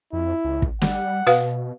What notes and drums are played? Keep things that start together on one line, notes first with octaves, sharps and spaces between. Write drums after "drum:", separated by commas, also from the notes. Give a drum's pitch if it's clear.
F2 E4
C#2
drum: kick
G3 F#5, drum: snare
B2 F#4 B4 F5